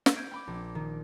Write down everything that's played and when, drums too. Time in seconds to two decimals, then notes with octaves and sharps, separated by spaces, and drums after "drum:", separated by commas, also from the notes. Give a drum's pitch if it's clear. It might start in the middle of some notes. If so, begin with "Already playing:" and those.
0.06 drum: snare
0.16 G6 G#6 D7 D#7
0.31 G5 B5 D6
0.47 A#1
0.75 D#3